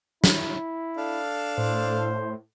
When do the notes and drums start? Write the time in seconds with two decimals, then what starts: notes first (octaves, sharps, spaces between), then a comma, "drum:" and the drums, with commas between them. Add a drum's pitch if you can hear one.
0.24 E4, drum: snare
0.97 D4 A4 F5
1.58 A2 C5